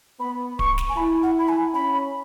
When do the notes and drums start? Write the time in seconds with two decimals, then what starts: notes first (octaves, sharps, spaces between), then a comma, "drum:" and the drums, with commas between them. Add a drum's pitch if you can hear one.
0.20 B3 B5
0.59 C#6, drum: kick D1
0.78 drum: snare
0.89 G#5
0.97 E4 B5
1.23 F#5
1.39 B5
1.49 G#5
1.74 C#4 B5